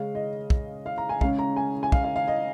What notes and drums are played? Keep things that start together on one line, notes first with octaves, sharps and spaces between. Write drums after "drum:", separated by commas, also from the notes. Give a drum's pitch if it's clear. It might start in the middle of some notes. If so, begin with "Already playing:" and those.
Already playing: C#3 G#3 C#4 F5
D#5
drum: kick
F5
A#5
G#5
C#3 G#3 C#4 F5, drum: kick
A#5
G#5
G#5
F5, drum: kick
F5
F5
D#5